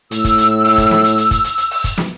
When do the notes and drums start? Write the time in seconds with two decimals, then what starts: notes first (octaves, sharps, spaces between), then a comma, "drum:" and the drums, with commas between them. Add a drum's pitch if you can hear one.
0.11 A2 E6, drum: hi-hat
0.25 drum: kick, hi-hat
0.38 drum: hi-hat
0.64 drum: open hi-hat
0.78 drum: kick, hi-hat
0.91 drum: snare
1.04 drum: hi-hat
1.18 drum: hi-hat
1.31 drum: kick, hi-hat
1.44 drum: hi-hat
1.58 drum: hi-hat
1.71 drum: open hi-hat
1.84 drum: kick, hi-hat
1.98 drum: snare